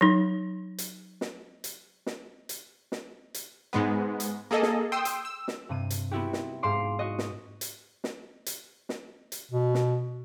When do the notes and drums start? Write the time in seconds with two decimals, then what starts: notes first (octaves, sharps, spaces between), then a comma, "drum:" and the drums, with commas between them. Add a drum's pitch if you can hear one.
0.01 F#3 D#4
0.78 drum: hi-hat
1.21 drum: snare
1.64 drum: hi-hat
2.06 drum: snare
2.49 drum: hi-hat
2.92 drum: snare
3.34 drum: hi-hat
3.73 G#2 G#3 B3
4.20 drum: hi-hat
4.51 A#3 G#4 A4 D#5
4.62 drum: snare
4.92 G5 C6 D#6 E6
5.05 drum: hi-hat
5.25 E6
5.48 drum: snare
5.69 G2 C3 D#7
5.90 drum: hi-hat
6.11 B3 C4 E4 F#4 G4
6.33 drum: snare
6.63 G#2 C5 F5 C6 D6
6.99 F#4 D#5
7.18 drum: snare
7.61 drum: hi-hat
8.04 drum: snare
8.46 drum: hi-hat
8.89 drum: snare
9.32 drum: hi-hat
9.52 B2
9.74 drum: snare